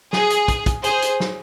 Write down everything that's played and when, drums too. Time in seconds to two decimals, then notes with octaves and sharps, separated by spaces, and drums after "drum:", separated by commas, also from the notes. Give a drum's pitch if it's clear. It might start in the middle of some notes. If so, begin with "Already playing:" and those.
0.13 G#4, drum: snare
0.30 drum: hi-hat
0.48 drum: kick, hi-hat
0.66 drum: kick, hi-hat
0.84 G#4 C5, drum: hi-hat
1.02 drum: hi-hat
1.20 drum: snare